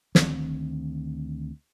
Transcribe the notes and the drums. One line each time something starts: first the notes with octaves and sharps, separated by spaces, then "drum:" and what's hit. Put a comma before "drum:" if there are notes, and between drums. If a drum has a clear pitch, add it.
D2 D#3 C4, drum: snare